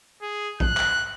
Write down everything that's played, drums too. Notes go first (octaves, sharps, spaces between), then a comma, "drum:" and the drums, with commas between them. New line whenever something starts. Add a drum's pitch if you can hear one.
G#4
F#6, drum: kick A#1
drum: clap